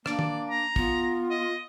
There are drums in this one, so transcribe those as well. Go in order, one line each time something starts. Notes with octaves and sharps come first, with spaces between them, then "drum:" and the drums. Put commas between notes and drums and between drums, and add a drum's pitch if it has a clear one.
A#3 D4 D5, drum: rim click
drum: tom
A#5
B3 F4, drum: kick
D#5